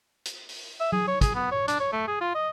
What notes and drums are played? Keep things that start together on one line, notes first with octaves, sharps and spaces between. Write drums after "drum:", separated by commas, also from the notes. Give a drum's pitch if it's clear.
drum: hi-hat
drum: open hi-hat
E5
G#4, drum: tom F#3
C#5
G#4, drum: kick, hi-hat
B3
C#5
D4, drum: hi-hat
C#5
A3
G#4
F4
D#5